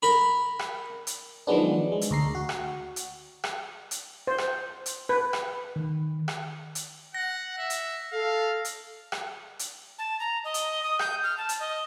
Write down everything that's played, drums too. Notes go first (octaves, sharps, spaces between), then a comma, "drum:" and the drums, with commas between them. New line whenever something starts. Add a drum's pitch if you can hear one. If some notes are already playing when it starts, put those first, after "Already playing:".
A#4 B5
drum: rim click
drum: hi-hat
D#3 F3 F#3 G#3 B3 D4
G#3
drum: hi-hat
D2 A#5 C7
F#4
drum: rim click
drum: hi-hat
drum: rim click
drum: hi-hat
C5
drum: rim click
drum: hi-hat
B4
drum: rim click
D#3
drum: rim click
drum: hi-hat
F#5 A#6
E5
drum: hi-hat
A4 F5
drum: hi-hat
drum: rim click
drum: hi-hat
A5
A#5
D#5
drum: hi-hat
D#6
G6, drum: rim click
F6
A5
drum: hi-hat
D#5